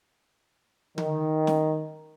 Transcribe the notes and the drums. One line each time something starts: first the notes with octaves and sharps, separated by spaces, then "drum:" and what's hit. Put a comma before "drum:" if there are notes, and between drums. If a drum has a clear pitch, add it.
D#3, drum: tom D3
drum: snare